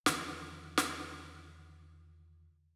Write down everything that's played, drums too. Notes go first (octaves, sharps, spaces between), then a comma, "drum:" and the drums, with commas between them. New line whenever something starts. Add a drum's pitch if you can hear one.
E2 D3 D#3 F3, drum: snare
drum: snare